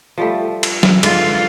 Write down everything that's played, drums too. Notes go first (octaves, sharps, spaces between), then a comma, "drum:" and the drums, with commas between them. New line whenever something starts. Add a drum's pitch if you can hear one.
F3 G3 A3
drum: cymbal
drum: snare F#3
G#2 D3 F4, drum: cymbal